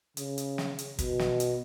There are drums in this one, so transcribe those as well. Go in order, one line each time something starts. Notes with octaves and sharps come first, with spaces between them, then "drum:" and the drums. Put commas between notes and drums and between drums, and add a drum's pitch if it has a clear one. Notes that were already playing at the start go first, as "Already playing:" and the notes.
C#3, drum: hi-hat
drum: hi-hat
drum: snare
drum: hi-hat
B2, drum: kick, hi-hat
drum: snare
drum: hi-hat